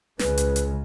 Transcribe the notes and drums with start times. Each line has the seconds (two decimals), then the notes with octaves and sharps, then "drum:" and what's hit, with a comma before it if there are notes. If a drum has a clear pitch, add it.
0.19 C#2 C#3 G#3 B4, drum: snare
0.38 drum: hi-hat
0.56 drum: hi-hat